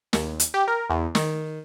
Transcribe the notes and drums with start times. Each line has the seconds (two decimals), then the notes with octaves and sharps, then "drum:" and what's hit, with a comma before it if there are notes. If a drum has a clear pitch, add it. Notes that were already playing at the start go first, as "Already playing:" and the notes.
0.13 D#2, drum: snare
0.40 drum: hi-hat
0.54 G4
0.68 A#4
0.90 E2
1.15 D#3, drum: snare